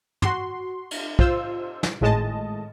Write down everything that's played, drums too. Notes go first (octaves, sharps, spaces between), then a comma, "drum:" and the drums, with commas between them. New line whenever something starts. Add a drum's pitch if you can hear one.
F#4 C6, drum: tom
drum: cymbal
F4 C5 E6, drum: kick
drum: snare
G#1 A2 G#3 D#5 A5